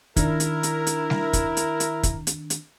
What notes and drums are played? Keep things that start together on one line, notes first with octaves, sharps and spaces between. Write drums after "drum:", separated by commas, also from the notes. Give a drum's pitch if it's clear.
D#3 D4 E4 A#4, drum: kick, hi-hat
drum: hi-hat
drum: hi-hat
drum: hi-hat
drum: snare
drum: kick, hi-hat
drum: hi-hat
drum: hi-hat
drum: kick, hi-hat
drum: hi-hat
drum: hi-hat